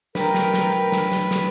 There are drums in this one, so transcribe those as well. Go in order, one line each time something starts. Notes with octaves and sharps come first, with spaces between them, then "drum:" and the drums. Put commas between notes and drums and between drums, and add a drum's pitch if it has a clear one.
A#4 B4 G5, drum: snare
drum: snare
drum: snare
drum: snare
drum: snare
drum: snare